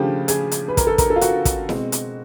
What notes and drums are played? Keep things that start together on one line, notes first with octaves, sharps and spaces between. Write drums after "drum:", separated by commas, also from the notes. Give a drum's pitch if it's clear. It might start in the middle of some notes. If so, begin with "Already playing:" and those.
Already playing: C#3 F3 A3 D4 G4
G#4, drum: hi-hat
drum: hi-hat
B4
A#4, drum: kick, hi-hat
A4
A#4, drum: kick, hi-hat
A4
F4
F#4, drum: hi-hat
drum: kick, hi-hat
B2 G#3 C4, drum: snare E4
drum: hi-hat